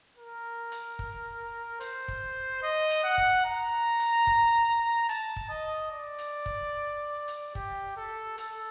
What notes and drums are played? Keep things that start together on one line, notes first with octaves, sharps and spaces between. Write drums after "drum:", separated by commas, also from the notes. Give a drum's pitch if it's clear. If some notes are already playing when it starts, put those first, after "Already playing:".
A#4
drum: hi-hat
drum: kick
C5, drum: hi-hat
drum: kick
D#5
drum: hi-hat
F#5
drum: kick
A#5
drum: hi-hat
drum: kick
A5, drum: hi-hat
drum: kick
D#5
D5
drum: hi-hat
drum: kick
drum: hi-hat
G4, drum: kick
A4
A4, drum: hi-hat